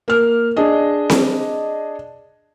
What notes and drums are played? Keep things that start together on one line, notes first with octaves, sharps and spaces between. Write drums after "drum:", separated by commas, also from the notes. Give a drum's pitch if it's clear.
A#3 F6
D4 G#4 D#5
drum: snare C4